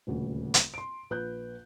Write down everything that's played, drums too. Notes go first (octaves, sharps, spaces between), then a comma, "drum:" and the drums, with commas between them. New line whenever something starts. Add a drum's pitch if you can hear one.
D#1 D2 C#3
drum: hi-hat
C6 D7
A#1 B4 F#6 G6